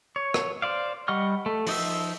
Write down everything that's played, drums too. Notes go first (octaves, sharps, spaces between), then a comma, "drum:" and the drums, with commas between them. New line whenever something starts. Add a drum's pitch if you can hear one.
C#5
drum: rim click
C5 D5 F5
G3 D#5 F#5 C#6 F6
A3
F3 D#4 E5, drum: open hi-hat